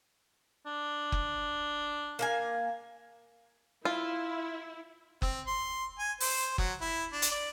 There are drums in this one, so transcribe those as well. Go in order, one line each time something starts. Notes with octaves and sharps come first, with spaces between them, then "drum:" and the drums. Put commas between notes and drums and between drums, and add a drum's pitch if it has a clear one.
D4
drum: kick F#1
A#3 F5 G#5
E4 F4
C4, drum: kick F#1
C6
G#5
C5, drum: open hi-hat
F#3, drum: kick F#1
E4
D4
drum: hi-hat
D5